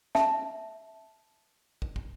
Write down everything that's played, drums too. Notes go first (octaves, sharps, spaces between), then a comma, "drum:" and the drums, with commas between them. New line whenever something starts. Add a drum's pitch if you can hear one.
E5 A5, drum: snare
drum: kick
drum: kick